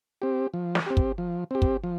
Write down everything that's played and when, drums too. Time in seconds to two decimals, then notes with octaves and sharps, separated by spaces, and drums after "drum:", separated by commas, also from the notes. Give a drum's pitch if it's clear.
0.22 C4 G4
0.54 F3
0.75 drum: snare
0.86 C4 G4
0.97 drum: kick
1.18 F3
1.51 C4 G4
1.62 drum: kick
1.84 F3